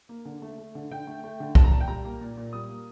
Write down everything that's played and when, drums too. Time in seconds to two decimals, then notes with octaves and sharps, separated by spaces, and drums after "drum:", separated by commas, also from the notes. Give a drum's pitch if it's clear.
0.09 A#3
0.25 D3
0.42 A3
0.58 A3
0.75 D3
0.91 D3 G5
1.07 A3
1.24 A3
1.40 D3
1.55 A#2 A5, drum: kick B1
1.64 A#5
1.72 A#2 A5
1.80 G5
1.88 G3 A#5
2.05 A#3
2.21 A#2
2.37 A#2
2.53 G3 D#6
2.69 A#3